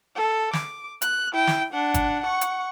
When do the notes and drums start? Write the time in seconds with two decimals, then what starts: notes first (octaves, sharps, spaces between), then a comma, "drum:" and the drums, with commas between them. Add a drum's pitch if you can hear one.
0.15 A4
0.53 D6, drum: snare
1.02 F#6, drum: hi-hat
1.33 E4 G5
1.47 drum: snare
1.73 D4 F#5
1.94 drum: kick G1, hi-hat
2.22 F#5 C#6
2.41 drum: hi-hat